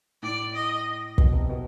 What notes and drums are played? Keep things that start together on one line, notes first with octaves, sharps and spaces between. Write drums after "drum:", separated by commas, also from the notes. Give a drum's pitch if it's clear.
A2 D5
D#5
B2, drum: kick
C3
B2